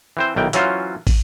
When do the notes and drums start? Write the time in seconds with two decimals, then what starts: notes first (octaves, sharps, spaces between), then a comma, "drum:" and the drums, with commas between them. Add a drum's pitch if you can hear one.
0.17 E3 C4 C5
0.36 B1 D#3 E3 G5
0.53 E3 F#3 C#4 F4 C5, drum: hi-hat
1.07 drum: kick, open hi-hat